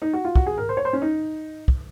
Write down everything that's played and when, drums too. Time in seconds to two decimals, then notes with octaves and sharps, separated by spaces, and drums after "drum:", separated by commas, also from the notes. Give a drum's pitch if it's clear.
0.02 D#4
0.13 F#4
0.25 F4
0.36 F#4, drum: kick
0.46 G#4
0.58 A#4
0.69 C5
0.77 C#5
0.85 C5
0.93 C#4
1.02 D#4
1.68 drum: kick